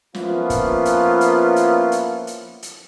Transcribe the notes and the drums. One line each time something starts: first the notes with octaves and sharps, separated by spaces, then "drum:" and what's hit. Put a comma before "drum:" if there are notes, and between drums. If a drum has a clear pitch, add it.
F3 A#3 B3 C#4 E4 F4, drum: snare
drum: kick, hi-hat
drum: hi-hat
drum: hi-hat
drum: hi-hat
drum: hi-hat
drum: hi-hat
drum: hi-hat